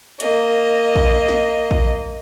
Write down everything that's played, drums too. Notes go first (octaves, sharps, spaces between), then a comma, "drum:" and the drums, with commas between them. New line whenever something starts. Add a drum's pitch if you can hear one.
A#3 D#5, drum: hi-hat
drum: kick A#1
drum: snare
drum: kick A#1